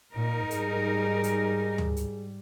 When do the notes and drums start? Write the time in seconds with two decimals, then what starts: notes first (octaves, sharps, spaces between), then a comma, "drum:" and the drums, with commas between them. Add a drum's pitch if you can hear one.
0.15 A#2 D#4 A#4
0.51 G#2 G3 G#4, drum: hi-hat
1.24 drum: hi-hat
1.78 drum: tom
1.96 drum: hi-hat